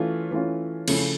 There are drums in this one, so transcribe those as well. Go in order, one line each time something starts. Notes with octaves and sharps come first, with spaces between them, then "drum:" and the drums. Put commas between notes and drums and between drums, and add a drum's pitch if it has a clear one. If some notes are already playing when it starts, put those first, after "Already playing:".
Already playing: E3 A3 C#4 F4
E3 A3 C#4 F4
C#3 F3 A3 C#4 E4, drum: cymbal